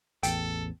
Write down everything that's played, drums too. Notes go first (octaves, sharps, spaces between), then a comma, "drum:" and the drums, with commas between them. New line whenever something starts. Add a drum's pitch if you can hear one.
A1 E2 A4 G5, drum: hi-hat